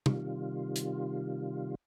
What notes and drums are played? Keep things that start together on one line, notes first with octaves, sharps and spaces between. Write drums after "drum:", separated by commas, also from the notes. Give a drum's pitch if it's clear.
C3 D#3 G3 F4, drum: tom C3
drum: hi-hat